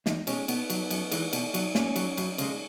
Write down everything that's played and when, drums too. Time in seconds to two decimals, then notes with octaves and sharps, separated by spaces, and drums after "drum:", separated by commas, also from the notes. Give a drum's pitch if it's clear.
0.06 E2 D#4, drum: snare
0.27 B2 G#3 C#4, drum: cymbal
0.48 B2 B3, drum: cymbal
0.70 F#3, drum: cymbal
0.90 F#2, drum: cymbal
1.11 E3 G#3, drum: cymbal
1.33 B2, drum: cymbal
1.54 F#3, drum: cymbal
1.75 A#2 C#4, drum: snare
1.96 F#3, drum: cymbal
2.17 F#2, drum: cymbal
2.38 C#3 G#3, drum: cymbal